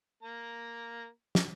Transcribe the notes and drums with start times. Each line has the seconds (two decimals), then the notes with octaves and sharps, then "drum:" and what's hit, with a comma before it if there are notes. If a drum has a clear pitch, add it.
0.23 A#3 A#5
1.35 drum: snare